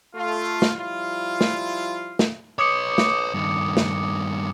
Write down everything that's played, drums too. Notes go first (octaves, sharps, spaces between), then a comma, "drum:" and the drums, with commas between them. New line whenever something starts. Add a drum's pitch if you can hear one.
A3 F4
drum: snare
F3 G3 E4 F4
drum: snare
drum: snare
B4 C#5 D6 D#6 C#7
drum: snare
G2 D#3
drum: snare